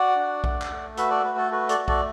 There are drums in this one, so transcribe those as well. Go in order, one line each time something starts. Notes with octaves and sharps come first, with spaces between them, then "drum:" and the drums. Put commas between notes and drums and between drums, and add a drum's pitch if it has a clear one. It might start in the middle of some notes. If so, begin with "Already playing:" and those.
Already playing: F#4 D5 F#5
D4
A3, drum: kick B1
drum: clap
A3
F#4 B4 E5, drum: hi-hat
A4 D5
A3 B4
A4
F#4 B4
A4 D5, drum: hi-hat
A3
A4 D5, drum: kick B1